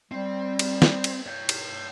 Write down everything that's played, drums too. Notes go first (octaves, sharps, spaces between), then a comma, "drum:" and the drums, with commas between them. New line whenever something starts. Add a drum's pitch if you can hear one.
G3 C4
drum: cymbal
drum: snare
drum: cymbal
C#5 G5
drum: cymbal